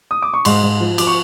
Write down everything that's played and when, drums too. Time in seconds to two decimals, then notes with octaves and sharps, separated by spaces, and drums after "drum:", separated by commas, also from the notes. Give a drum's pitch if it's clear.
0.11 D#6
0.22 D6
0.34 C#6
0.45 G#2 C6, drum: cymbal
0.63 G#2
0.81 F3
0.98 F3 D6, drum: cymbal
1.07 C#6